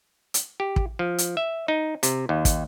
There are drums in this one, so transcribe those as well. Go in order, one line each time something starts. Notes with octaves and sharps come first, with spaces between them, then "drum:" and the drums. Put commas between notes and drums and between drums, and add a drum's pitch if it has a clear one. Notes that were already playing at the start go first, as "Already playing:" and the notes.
drum: hi-hat
G4
drum: kick
F3
drum: hi-hat
E5
D#4
C3, drum: hi-hat
D#2
drum: kick, hi-hat